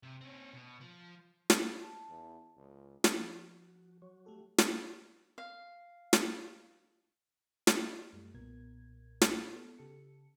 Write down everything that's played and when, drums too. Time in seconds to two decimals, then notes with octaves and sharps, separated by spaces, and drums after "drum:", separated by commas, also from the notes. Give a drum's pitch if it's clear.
0.03 C3
0.21 C4 C#4
0.54 B2
0.81 F3
1.50 drum: snare
1.80 A5
2.09 E2
2.57 C#2
3.04 drum: snare
3.18 F3
3.29 F#4
4.02 F#3 F#4
4.26 A3 G4 A4
4.58 drum: snare
5.38 F5
6.13 drum: snare
7.67 drum: snare
7.79 E4 D5 D#5 C6
8.13 F#2 G3 A3
8.34 B1 A#2 B3 A#4 G#6
9.21 drum: snare
9.52 B3 A4
9.78 C#3 G4 A4 C#7